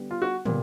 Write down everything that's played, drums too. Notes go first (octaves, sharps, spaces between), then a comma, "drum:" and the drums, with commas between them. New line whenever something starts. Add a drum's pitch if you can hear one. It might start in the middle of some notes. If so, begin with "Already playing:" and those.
Already playing: D3 G3 B3
F4
F#4
A#2 G3 B3, drum: tom